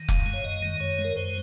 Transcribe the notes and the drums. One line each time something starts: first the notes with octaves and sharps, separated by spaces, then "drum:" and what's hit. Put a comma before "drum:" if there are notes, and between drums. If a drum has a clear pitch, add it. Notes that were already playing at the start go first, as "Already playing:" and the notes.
Already playing: D#3
F#2 F5, drum: kick F1
G#3
C#5
F#2 D#5
D#3
F#2 C#5
G#3
A#4
F#2 C5